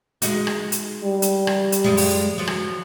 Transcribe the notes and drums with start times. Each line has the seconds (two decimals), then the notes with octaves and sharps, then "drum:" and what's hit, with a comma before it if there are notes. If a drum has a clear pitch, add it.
0.22 G#3 D#4 F#4, drum: hi-hat
0.47 drum: rim click
0.72 drum: hi-hat
1.04 G3
1.22 drum: hi-hat
1.47 drum: rim click
1.72 drum: hi-hat
1.84 F#2 F3 G#3
1.97 drum: open hi-hat
2.38 F3 F#3
2.47 drum: rim click